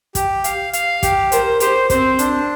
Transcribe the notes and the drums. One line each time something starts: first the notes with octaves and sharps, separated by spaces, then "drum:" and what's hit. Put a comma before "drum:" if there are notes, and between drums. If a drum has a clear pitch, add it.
G4, drum: kick, hi-hat
F5, drum: hi-hat
F5, drum: hi-hat
G4, drum: kick, hi-hat
A#4 C5, drum: hi-hat
G4 C5, drum: hi-hat
C4 C5, drum: kick, hi-hat
D4, drum: hi-hat